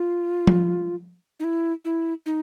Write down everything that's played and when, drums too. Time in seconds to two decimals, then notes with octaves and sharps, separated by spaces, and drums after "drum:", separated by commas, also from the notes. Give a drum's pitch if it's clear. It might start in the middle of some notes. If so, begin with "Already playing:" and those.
Already playing: F4
0.47 drum: tom F3
1.40 D#4
1.44 E4
1.85 E4
2.26 D#4